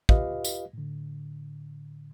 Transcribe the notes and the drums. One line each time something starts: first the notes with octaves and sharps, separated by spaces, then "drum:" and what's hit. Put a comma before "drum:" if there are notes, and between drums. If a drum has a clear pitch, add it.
F4 G4 B4 D#5 F5, drum: kick
drum: tambourine
A2 D3